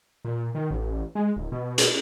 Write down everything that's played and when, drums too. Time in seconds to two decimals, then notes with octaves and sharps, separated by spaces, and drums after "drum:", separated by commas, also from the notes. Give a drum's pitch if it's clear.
0.25 A#2
0.55 D#3
0.71 A1
1.15 G#3
1.36 D1
1.52 B2
1.78 drum: hi-hat